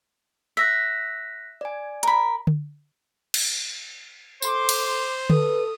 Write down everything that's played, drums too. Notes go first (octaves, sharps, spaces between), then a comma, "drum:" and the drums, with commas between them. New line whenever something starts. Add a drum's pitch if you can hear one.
E5 F#6 A#6 B6
D5 G#5
A#4 B5, drum: hi-hat
drum: tom D3
drum: cymbal
A4 C5 C6 D6, drum: tambourine
drum: cymbal
A4 B4 D#6, drum: tom D3